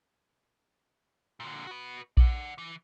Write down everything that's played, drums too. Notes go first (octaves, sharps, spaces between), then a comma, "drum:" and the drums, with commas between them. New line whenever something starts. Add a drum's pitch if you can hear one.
A#2 D3
F#4 B4
D5 F#5, drum: kick A#1
E3